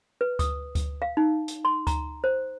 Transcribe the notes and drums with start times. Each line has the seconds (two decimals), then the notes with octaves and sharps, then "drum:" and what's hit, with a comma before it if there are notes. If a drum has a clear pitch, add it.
0.21 B4
0.39 D#6, drum: kick D2, hi-hat
0.75 drum: kick D2, hi-hat
1.02 F5
1.17 D#4
1.48 drum: hi-hat
1.65 C6
1.87 A#5, drum: kick D2, hi-hat
2.24 C5